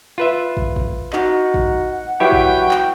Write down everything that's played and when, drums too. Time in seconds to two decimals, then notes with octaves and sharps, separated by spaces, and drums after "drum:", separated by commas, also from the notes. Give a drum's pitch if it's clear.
0.18 F4 B4 E5
0.57 drum: kick
0.76 drum: kick
1.13 D#4 F#4 D#5 F#5, drum: clap
1.54 drum: kick
2.20 F#3 E4 F#4 G4 B4 G5 C#6
2.32 drum: kick
2.71 drum: clap